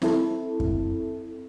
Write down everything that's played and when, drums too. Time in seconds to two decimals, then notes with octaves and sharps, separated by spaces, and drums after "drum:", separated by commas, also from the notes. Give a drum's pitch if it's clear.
0.02 C4 E4 A4, drum: snare
0.60 drum: kick F#2